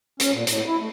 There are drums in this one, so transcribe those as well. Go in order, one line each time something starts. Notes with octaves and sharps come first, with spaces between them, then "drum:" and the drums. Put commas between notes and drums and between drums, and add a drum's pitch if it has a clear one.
C#4, drum: hi-hat
A#2
A2, drum: hi-hat
E4
A3